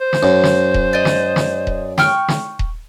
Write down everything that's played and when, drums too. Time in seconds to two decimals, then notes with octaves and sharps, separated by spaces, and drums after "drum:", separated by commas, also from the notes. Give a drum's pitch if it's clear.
0.01 C5
0.13 drum: snare
0.23 F#2
0.44 drum: snare
0.74 drum: kick D#1
0.93 D5 D#5
1.05 drum: snare
1.36 drum: snare
1.67 drum: kick D#1
1.98 G5 C#6 F6, drum: snare
2.28 drum: snare
2.59 drum: kick D#1